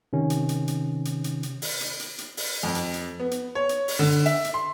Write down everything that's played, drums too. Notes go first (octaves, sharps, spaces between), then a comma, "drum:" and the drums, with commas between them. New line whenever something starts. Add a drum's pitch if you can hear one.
C3 D#3 C#4
drum: hi-hat
drum: hi-hat
drum: hi-hat
drum: hi-hat
drum: hi-hat
drum: hi-hat
drum: open hi-hat
drum: hi-hat
drum: hi-hat
drum: hi-hat
drum: open hi-hat
F2
drum: hi-hat
drum: hi-hat
B3
drum: hi-hat
C#5
drum: hi-hat
drum: open hi-hat
D3
E5, drum: hi-hat
drum: hi-hat
C6